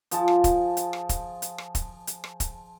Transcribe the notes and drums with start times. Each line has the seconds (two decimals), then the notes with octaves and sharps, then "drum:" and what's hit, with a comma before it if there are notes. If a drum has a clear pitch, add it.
0.11 F3 G#4 A5, drum: hi-hat
0.28 drum: rim click
0.44 drum: kick, hi-hat
0.77 drum: hi-hat
0.93 drum: rim click
1.09 drum: kick, hi-hat
1.42 drum: hi-hat
1.58 drum: rim click
1.75 drum: kick, hi-hat
2.07 drum: hi-hat
2.24 drum: rim click
2.40 drum: kick, hi-hat